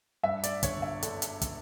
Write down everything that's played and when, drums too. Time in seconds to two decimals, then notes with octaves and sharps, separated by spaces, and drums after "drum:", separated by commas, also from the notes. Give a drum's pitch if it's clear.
0.23 G2 E5
0.43 D5, drum: hi-hat
0.63 G1 C#5, drum: kick, hi-hat
0.82 E5
1.03 D3, drum: hi-hat
1.22 drum: hi-hat
1.42 drum: kick, hi-hat